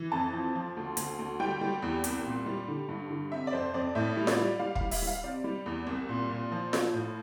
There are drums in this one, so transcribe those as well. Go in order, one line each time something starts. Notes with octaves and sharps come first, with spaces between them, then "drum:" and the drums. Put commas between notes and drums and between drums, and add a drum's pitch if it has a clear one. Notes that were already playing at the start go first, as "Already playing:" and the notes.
Already playing: E3
F2 A5
F3
F3
D2
D2, drum: hi-hat
D2
G3 G5
G3
E2
C2, drum: hi-hat
A#2
G3
D3
G2
D3
C3 E5
D5
F2 C5
F2 D5
A2 E5
G3
D5, drum: snare F4
G3
G3 F5
F5, drum: kick
G3
E5, drum: open hi-hat
G3 F5
C3 D5
G3
E2
C2
A#2
A#2
F3
F3, drum: snare F4
A2